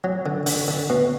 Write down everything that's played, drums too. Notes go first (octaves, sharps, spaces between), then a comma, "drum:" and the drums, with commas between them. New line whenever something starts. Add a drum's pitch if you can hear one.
F#3
D3
D3, drum: open hi-hat
D3
B2